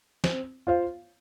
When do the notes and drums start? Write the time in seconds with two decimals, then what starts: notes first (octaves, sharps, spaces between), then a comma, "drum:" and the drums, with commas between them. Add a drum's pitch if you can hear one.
0.24 C4, drum: snare
0.67 F4 C5 F5